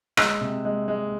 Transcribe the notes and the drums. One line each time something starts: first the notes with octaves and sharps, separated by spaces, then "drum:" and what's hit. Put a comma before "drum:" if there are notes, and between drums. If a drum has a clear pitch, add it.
G#3 E6 F#6, drum: rim click
C3
G#3
G#3